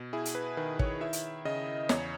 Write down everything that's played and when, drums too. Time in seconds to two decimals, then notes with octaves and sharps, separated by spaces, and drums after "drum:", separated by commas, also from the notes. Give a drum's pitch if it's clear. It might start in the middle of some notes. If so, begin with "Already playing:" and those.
Already playing: B2
0.13 E4 G#4
0.25 drum: hi-hat
0.35 B4
0.57 D#3 B4
0.79 C#5, drum: kick
1.01 E4 E5
1.13 drum: hi-hat
1.45 C#3 D#5
1.89 E2 C#5, drum: snare